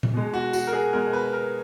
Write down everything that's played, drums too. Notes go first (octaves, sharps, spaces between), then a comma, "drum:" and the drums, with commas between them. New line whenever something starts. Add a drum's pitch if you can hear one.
drum: tom A#2
B2 G#3
F#4
F#4, drum: tambourine
A#4
G#4
B2 G#3 A#4
B4
A#4